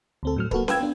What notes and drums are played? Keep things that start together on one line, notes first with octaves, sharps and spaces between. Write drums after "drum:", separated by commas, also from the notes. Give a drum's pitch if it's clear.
D2 C4 A4
A2 F#3 F6
A#3 F#4 A4 B4, drum: kick
B4 F5 G5 E6 G#6, drum: snare C#4
B3 D4